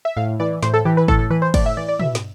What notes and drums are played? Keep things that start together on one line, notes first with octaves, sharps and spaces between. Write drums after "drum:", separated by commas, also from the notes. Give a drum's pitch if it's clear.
E5
A2 F5
E3 D5
A2 C5, drum: snare
A4
E3 G4
B4
A2 A4, drum: kick
A4
E3 B4
C5
A2 D5, drum: kick, cymbal
E5
E3 D5
D5
B2 E5, drum: tom
drum: snare